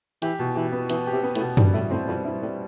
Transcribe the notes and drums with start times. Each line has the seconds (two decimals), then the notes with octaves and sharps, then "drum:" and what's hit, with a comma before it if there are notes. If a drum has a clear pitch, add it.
0.22 E3 G4, drum: hi-hat
0.39 B2
0.55 E3 G4
0.72 B3
0.90 E3 B3, drum: hi-hat
1.07 G4
1.12 C3
1.23 B3
1.35 A2, drum: hi-hat
1.40 B2
1.57 G2 G3, drum: tom F#2
1.74 A2 E4
1.91 A2 C4
2.08 F2 G3
2.25 G2 E4
2.42 A2 G3